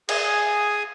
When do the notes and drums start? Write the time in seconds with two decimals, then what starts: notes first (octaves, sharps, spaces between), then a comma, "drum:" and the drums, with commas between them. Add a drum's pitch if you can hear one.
0.09 G#4 G#5 D#6, drum: cymbal